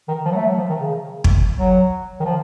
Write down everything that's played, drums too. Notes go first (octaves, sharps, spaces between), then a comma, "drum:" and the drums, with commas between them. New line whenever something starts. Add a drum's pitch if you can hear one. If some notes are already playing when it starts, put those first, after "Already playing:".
D#3
F3
F#3
A3
F#3
F3
D#3
C#3
drum: kick
F#3
D#3
F3